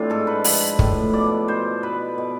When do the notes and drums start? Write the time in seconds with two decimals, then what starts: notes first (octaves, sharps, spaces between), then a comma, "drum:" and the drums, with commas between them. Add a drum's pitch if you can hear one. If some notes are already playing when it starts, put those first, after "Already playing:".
Already playing: A2 E3 C4 D4 F4
0.10 G#2 A4
0.27 B4
0.44 F3 B4, drum: open hi-hat
0.79 A2, drum: kick
1.13 B2 D5
1.48 B2 C5
1.83 B2 B4
2.18 B2